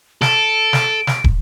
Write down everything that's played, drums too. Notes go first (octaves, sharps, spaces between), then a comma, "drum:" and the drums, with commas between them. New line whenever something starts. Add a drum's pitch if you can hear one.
A4 D7, drum: snare
drum: snare
drum: snare
drum: kick